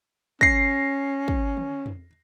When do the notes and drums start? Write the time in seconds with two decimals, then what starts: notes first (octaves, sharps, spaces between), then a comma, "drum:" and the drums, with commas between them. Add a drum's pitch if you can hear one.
0.41 C#4 A#6 C7, drum: kick
1.28 drum: kick
1.57 drum: tom
1.86 drum: tom